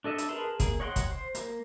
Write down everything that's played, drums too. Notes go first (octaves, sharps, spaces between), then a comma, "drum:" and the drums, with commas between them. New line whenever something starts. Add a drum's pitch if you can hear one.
D4 A4 D#5 E5
drum: hi-hat
G#4 A#4 B4 A5 C6
A#3 G#4, drum: kick, hi-hat
C#5 D#5 F#5 G5 C6
drum: kick, hi-hat
C5
A#3, drum: hi-hat